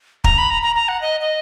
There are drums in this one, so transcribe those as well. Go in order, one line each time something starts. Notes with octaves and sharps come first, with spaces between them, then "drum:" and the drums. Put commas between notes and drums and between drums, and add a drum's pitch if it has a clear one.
A#5, drum: kick
B5
A#5
A#5
A#5
F#5
D#5
D#5